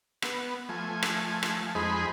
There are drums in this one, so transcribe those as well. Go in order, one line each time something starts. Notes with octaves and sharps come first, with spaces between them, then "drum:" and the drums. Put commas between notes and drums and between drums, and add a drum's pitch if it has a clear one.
B3, drum: rim click
F3 A3 G#5
drum: rim click
drum: rim click
F2 G#3 D#4 G#4 C5 B5